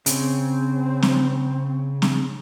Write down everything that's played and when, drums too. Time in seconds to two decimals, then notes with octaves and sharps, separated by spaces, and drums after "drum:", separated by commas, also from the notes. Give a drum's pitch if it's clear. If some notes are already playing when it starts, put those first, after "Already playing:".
0.06 C#3 C4, drum: hi-hat
1.02 drum: snare C4
2.02 drum: snare C4